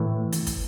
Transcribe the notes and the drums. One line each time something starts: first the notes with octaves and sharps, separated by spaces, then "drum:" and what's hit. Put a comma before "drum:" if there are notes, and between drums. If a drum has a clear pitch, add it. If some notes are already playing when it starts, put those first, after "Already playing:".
Already playing: A2 E3
drum: hi-hat
drum: kick, hi-hat